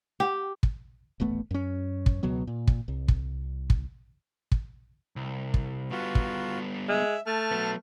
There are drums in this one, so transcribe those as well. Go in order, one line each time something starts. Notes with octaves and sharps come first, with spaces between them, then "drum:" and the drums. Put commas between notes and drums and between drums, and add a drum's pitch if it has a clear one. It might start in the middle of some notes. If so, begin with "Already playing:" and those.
G4
drum: kick
D#1 A1 A3 B3
F#2 C#4
drum: kick
C#2 B2 F#3 B3
A#2
drum: kick
C2
drum: kick
drum: kick
drum: kick
C2
drum: kick
G3 B3 F4 F#4
drum: kick
G#3 E5
A3 A5 F6
F#3 B3